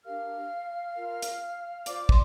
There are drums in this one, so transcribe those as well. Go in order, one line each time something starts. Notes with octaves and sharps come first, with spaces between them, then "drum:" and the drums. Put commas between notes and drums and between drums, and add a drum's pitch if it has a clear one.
D4 G4 A#4 F5 F6
F4 A#4
drum: hi-hat
F4 C5 D5 D6, drum: hi-hat
C6, drum: kick